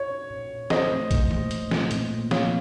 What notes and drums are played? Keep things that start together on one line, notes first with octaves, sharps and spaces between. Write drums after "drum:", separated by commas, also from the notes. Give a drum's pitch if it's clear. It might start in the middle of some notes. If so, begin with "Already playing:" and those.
Already playing: C#5
C#4
A#2
A#2
A#2 C5 D#5, drum: snare
A3
A3, drum: kick, hi-hat
A#2, drum: tom E3
A#2, drum: hi-hat
A3, drum: snare
A#2, drum: hi-hat
A#2
F3 C#5 F5, drum: snare